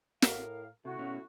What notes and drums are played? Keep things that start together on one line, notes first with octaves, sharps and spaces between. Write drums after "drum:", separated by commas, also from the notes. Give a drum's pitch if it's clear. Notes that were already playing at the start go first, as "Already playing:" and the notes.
A2 A#4 F5, drum: snare
C3 A3 E4 F#4
B2 C#4